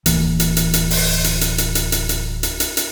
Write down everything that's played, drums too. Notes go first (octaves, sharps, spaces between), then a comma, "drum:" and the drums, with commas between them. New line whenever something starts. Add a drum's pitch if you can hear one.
D1 E3 A#3, drum: hi-hat
drum: hi-hat
drum: hi-hat
drum: hi-hat
drum: open hi-hat
drum: hi-hat
drum: hi-hat
drum: hi-hat
drum: hi-hat
drum: hi-hat
drum: hi-hat
drum: hi-hat
drum: hi-hat
drum: hi-hat